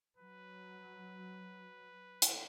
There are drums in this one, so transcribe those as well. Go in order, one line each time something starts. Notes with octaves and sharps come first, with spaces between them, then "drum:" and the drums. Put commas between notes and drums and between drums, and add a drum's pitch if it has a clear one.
F#3 B4
drum: hi-hat